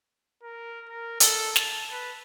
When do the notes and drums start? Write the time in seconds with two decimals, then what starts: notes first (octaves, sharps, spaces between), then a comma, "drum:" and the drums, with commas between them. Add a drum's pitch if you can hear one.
0.43 A#4
0.88 A#4
1.20 A4, drum: hi-hat
1.56 A5, drum: snare
1.92 B4